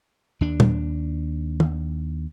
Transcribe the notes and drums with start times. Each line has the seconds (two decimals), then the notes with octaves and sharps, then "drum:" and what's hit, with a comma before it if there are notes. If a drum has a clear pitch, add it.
0.41 D#2 D4
0.60 drum: tom
1.60 drum: tom